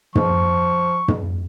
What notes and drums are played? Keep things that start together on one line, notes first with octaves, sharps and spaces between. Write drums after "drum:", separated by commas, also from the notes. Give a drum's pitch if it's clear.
F3 C#6, drum: tom
drum: tom